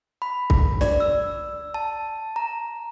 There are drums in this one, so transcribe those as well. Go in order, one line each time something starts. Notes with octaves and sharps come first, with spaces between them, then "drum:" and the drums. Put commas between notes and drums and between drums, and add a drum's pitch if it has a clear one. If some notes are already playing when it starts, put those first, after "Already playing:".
B5
drum: kick
D5, drum: snare
E6
A5
A#5